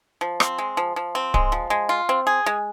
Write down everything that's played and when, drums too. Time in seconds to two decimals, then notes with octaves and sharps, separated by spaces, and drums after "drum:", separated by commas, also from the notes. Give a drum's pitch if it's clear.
0.21 F3
0.40 C4, drum: rim click
0.58 G#3
0.77 F3
0.96 F3
1.15 C4
1.34 G#3, drum: kick D1
1.52 F3
1.70 G#3
1.89 F4
2.09 C4
2.27 G#4
2.46 G#3